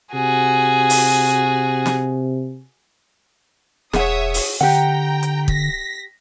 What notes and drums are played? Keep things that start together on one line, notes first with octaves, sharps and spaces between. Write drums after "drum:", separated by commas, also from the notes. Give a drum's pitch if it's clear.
C3 F#4 G#4
drum: open hi-hat
drum: snare
E1 G#4 C#5 E5 F#5 D#6, drum: snare
drum: open hi-hat
D3 G4 F#5 G5 A#5
drum: hi-hat
A#6 B6, drum: kick